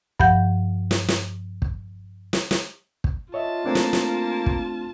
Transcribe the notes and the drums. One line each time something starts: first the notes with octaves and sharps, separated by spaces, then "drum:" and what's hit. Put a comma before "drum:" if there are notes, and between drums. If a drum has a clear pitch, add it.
G2 F3 F#5 G6, drum: kick
drum: snare
drum: snare
drum: kick
drum: snare
drum: snare
drum: kick
F4 C#5 D#5 E5 A5
A3 A#3 C4 D4
drum: snare
drum: snare
drum: kick